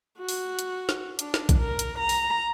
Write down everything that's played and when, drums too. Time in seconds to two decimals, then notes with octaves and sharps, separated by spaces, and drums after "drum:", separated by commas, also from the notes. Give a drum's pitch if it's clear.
0.19 F#4
0.29 drum: open hi-hat
0.59 drum: hi-hat
0.89 drum: snare
1.19 D4, drum: hi-hat
1.34 drum: snare
1.49 drum: kick B1, hi-hat
1.58 A#4
1.79 drum: hi-hat
1.99 A#5
2.09 drum: open hi-hat